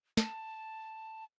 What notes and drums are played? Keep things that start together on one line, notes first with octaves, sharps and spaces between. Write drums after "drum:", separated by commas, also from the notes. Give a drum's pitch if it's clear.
A5, drum: snare